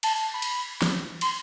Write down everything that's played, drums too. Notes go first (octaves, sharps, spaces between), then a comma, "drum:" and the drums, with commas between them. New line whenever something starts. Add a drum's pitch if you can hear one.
A5, drum: cymbal
B5
drum: cymbal
drum: snare
C6, drum: cymbal